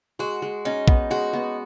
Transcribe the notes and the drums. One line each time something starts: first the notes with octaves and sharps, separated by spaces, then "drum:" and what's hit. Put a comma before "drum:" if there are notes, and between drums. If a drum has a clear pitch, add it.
G#3 F#4
G#3
C#4 D#4
B3, drum: kick A#1
G#3 F#4
B3